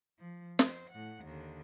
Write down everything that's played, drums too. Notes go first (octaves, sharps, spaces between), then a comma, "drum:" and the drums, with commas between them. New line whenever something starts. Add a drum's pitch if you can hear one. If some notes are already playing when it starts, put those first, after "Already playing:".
F3
C5, drum: snare
A2 F#5
D#2 D3